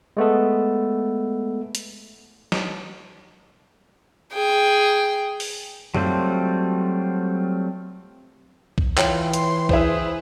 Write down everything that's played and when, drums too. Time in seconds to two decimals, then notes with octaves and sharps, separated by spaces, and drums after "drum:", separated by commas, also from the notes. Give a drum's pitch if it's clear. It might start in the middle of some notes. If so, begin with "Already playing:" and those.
0.17 G#3 A3 B3 A4
1.75 drum: hi-hat
2.52 drum: snare
4.33 G#4 G5
5.40 drum: open hi-hat
5.95 F#3 G3 A3 C4 F4, drum: tom F#2
8.78 drum: kick B1
8.98 E3 F4 C#5 G5, drum: clap
9.33 C6, drum: hi-hat
9.69 E4 G#4 B4 C5, drum: kick B1